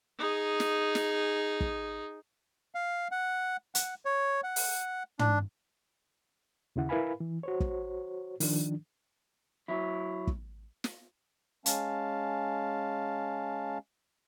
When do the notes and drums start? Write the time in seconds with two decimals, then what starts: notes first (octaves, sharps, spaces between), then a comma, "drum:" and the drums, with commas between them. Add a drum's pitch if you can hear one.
0.19 D#4 G#4
0.60 drum: snare
0.95 drum: snare
1.60 drum: kick
2.75 F5
3.11 F#5
3.75 F#5, drum: hi-hat
4.05 C#5
4.44 F#5
4.56 drum: open hi-hat
5.19 D4, drum: tom
6.76 D#2 C#3 E4 F#5
6.89 E4 A#4 B4 F5 G#5 B5
7.20 E3
7.43 F#4 C5 C#5
7.60 drum: kick
8.40 D#3 F3 D4, drum: open hi-hat
9.68 F#3 E4
10.27 drum: kick
10.84 drum: snare
11.66 G#3 C#4 F5 A5, drum: hi-hat